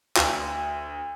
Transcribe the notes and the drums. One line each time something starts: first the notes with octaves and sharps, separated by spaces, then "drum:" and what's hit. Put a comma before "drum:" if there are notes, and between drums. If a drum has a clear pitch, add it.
D2 F#4, drum: clap